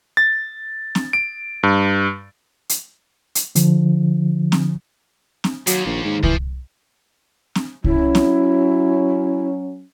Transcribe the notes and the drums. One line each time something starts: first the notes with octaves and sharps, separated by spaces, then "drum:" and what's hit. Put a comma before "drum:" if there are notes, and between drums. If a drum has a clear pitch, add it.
A6
drum: snare C4
D7
G2
drum: hi-hat
drum: hi-hat
D3 F3, drum: hi-hat
drum: snare C4
drum: snare C4
D#2 F#3, drum: hi-hat
A#1
G#2
E3 F3, drum: kick C2
drum: snare C4
F#3 C#4 E4, drum: kick C2
drum: snare C4